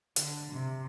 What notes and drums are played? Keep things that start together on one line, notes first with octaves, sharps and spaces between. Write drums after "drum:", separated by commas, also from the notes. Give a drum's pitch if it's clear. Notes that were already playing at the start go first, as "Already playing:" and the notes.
D3, drum: hi-hat
C3